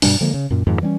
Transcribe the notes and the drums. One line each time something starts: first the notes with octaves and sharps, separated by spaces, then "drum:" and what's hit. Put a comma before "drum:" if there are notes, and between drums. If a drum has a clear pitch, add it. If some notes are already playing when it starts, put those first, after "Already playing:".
G2 B2 G3 D4, drum: open hi-hat
D3 F3 G#3 A#3
C#3
F#2 A#2
F2 G#2 D#3
E3 G3 C4 C#4